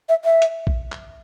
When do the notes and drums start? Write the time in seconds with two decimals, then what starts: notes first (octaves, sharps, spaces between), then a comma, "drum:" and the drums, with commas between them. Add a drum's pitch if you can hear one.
0.09 E5
0.25 E5
0.42 drum: hi-hat
0.67 drum: kick A#1
0.92 drum: clap